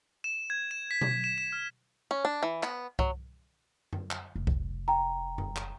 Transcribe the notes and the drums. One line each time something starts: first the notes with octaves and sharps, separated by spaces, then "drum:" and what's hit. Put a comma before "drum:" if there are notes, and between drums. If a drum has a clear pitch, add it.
E7
G#6
E7
B6
drum: tom B2
E7
E7
F6
C#4
D4
E3
B3, drum: clap
F#3, drum: kick C2
drum: tom F#2
drum: clap
F1
drum: kick C2
G5 A#5
drum: tom F#2
drum: clap